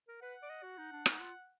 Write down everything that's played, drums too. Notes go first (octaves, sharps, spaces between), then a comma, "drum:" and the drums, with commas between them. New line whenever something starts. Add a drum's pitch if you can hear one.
A#4
B4 F#5
D5
D#5
F#4
D#4
D4
D#4, drum: rim click
F4